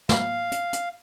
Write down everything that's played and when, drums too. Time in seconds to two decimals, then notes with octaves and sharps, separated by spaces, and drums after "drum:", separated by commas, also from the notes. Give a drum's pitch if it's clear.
0.09 F5, drum: snare
0.52 drum: hi-hat
0.73 drum: hi-hat